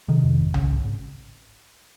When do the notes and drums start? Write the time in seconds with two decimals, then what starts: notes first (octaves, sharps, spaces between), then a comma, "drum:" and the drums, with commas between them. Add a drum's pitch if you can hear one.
0.08 C3 D#3
0.24 F2
0.39 G#1
0.54 C#3, drum: tom C2
0.69 G#1
0.84 G#1